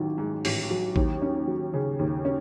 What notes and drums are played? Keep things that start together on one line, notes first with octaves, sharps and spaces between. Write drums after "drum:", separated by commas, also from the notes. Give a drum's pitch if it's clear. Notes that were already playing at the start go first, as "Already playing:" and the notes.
Already playing: A1 D#3 F#3
G#2
A1, drum: open hi-hat
F#3
D#2, drum: kick A1
C#4
F#3
C#3
D#2
C#4